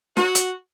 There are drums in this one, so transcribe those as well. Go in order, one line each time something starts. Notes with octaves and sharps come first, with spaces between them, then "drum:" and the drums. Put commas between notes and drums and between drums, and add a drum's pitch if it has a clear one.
F#4, drum: snare
drum: hi-hat